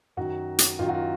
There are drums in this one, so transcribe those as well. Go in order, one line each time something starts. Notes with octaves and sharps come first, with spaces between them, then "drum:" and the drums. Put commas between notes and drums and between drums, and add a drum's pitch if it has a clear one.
F#2 D#3 F#3 F#4
drum: hi-hat
F#2 D#3 F#3 F4
F#4
F4